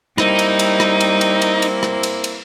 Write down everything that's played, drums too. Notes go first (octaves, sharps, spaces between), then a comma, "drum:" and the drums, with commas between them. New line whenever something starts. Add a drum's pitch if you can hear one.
G3 A#3 C4 D#4 E4, drum: rim click
drum: cymbal
drum: cymbal
drum: rim click
drum: cymbal
drum: cymbal
drum: cymbal
drum: cymbal
drum: rim click
drum: cymbal
drum: cymbal